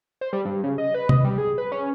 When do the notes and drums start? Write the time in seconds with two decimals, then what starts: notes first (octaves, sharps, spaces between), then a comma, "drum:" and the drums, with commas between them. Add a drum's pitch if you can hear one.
0.21 C5
0.33 G3
0.45 G2
0.64 C#3
0.78 D#5
0.94 B4
1.09 D#5, drum: tom
1.24 G3
1.38 G#4
1.58 B4
1.72 C#4